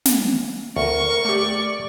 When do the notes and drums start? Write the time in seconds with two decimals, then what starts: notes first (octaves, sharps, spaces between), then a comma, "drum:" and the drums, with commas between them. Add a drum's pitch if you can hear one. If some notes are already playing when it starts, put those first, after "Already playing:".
0.06 drum: snare
0.76 D2 A#4 C#6
1.25 A3 G4 D5